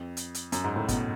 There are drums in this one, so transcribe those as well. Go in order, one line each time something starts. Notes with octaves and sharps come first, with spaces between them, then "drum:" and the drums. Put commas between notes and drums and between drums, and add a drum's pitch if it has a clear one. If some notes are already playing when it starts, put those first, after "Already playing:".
Already playing: F2
drum: hi-hat
drum: hi-hat
F#2, drum: hi-hat
G#2
A2
B2, drum: kick G1, hi-hat